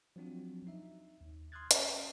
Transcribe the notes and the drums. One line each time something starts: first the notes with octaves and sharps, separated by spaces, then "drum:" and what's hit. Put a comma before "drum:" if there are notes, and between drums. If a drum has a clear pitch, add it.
F3 F#3 C4 D4 F#4
D#4 E5
D#2
C6 D#6 F6 F#6 G#6 A6
C#4 A#4 C5, drum: hi-hat